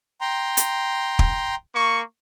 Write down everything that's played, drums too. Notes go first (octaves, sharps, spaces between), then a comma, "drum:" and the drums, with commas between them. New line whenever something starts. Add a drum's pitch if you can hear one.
G5 A#5 C6
drum: hi-hat
drum: kick
A#3 C#6